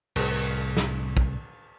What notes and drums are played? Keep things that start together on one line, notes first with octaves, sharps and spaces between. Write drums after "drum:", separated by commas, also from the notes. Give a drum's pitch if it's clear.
C2 A2, drum: cymbal
drum: snare
drum: kick